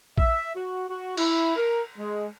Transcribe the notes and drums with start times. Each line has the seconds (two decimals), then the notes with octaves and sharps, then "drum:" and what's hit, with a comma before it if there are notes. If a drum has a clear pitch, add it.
0.18 E5, drum: kick A#1
0.55 F#4
0.89 F#4
1.17 E4, drum: cymbal
1.57 A#4
1.98 G#3